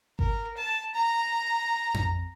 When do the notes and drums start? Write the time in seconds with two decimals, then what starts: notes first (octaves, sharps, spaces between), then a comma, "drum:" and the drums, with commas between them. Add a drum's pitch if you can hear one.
0.19 A#4, drum: kick G#1
0.56 A5
0.95 A#5
1.94 drum: tom F2